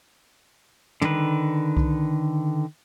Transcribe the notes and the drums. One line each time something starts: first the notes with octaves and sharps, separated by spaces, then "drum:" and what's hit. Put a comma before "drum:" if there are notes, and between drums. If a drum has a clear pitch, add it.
D3 D#3 B4, drum: tom
drum: kick C2